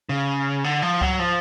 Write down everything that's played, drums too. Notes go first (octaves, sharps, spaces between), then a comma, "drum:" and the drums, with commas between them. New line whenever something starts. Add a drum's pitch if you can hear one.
C#3
D3
F3
F#3, drum: kick C#2
F3